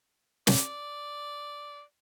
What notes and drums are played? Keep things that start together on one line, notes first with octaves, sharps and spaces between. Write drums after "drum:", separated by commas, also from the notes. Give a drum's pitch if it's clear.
D5, drum: snare